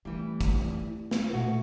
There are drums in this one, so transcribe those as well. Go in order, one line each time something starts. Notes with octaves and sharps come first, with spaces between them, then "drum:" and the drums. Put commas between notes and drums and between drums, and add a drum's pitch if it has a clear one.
E3 G3 A3 C4
drum: kick, hi-hat
drum: snare
A#2 A3 F#4